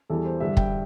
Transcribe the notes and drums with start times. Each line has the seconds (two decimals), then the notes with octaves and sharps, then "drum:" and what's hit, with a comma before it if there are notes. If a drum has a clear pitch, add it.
0.09 E2 E3 G3 A4
0.25 C5
0.40 G2 D3 G3 E5
0.57 G5, drum: kick